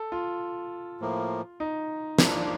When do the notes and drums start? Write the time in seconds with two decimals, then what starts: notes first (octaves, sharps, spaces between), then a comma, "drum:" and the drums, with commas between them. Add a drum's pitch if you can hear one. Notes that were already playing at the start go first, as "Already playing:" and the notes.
Already playing: A4
0.12 F4
1.00 A2 F3 A#3
1.60 D#4
2.18 F3 A#3 D4, drum: snare